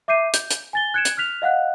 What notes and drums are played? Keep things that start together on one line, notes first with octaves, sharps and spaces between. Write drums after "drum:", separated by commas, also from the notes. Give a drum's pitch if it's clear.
E5 D6 G6 C7 D#7
G6, drum: hi-hat
drum: hi-hat
G#5 A6 G7
F#6 G#6 C#7 D7 E7
drum: hi-hat
F6 F#6 B6 F7
D#5 F5 F#5 F#6